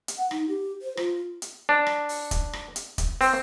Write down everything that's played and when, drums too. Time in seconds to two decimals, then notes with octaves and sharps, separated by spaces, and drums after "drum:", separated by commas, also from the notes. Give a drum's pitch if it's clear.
0.08 drum: hi-hat
0.17 F#5
0.31 D#4, drum: rim click
0.48 G4
0.82 C5
0.97 F4, drum: rim click
1.42 drum: hi-hat
1.69 D4
1.87 drum: rim click
2.09 drum: open hi-hat
2.31 drum: kick, hi-hat
2.53 drum: rim click
2.76 drum: hi-hat
2.98 drum: kick, hi-hat
3.21 C4, drum: open hi-hat